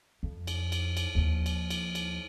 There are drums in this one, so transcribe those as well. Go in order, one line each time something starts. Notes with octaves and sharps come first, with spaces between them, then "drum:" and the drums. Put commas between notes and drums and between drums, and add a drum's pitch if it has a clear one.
F2
drum: cymbal
drum: cymbal
drum: cymbal
D#2 F3
drum: cymbal
drum: cymbal
drum: cymbal